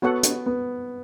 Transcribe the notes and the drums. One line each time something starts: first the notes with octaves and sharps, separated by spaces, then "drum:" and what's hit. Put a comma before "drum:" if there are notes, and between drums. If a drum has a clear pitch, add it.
B3 F#4 A4 C#5 F#5
drum: hi-hat
B3